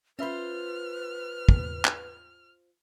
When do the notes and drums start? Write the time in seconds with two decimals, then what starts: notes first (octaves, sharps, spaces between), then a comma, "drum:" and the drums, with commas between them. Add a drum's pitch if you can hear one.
0.19 C#4 F4 B4 C5 E5 B5 F6
1.49 drum: kick
1.85 drum: clap